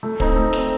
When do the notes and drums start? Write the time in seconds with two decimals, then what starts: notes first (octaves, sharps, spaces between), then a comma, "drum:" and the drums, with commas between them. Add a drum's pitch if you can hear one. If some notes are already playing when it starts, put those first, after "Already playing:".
0.03 A3
0.20 C4 D#4, drum: kick
0.36 A3
0.53 C4 D#4, drum: snare